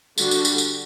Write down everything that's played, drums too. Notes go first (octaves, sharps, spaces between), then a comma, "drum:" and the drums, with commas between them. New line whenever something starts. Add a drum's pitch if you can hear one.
D3 G3 D4 F#4, drum: tambourine
drum: tambourine
drum: tambourine
drum: tambourine